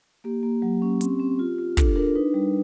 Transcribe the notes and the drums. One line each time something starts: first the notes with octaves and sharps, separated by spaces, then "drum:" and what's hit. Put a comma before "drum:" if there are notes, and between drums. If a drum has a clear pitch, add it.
A#3 G4
A#3
F#3
C#4
C4, drum: hi-hat
C4
F4
F4
D4 A4, drum: kick, hi-hat
D4 A#4
D#4 B4
G3